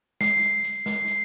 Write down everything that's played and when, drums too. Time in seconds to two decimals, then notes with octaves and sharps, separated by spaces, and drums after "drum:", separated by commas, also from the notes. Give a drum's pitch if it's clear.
0.21 C7, drum: snare
0.42 drum: hi-hat
0.64 drum: hi-hat
0.86 drum: snare
1.08 drum: hi-hat